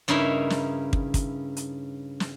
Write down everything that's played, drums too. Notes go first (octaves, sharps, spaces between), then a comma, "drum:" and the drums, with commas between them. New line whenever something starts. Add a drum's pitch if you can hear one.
G2 C#3 D#4 E4 A#4 E5
drum: snare
drum: kick
drum: kick, hi-hat
drum: hi-hat
drum: snare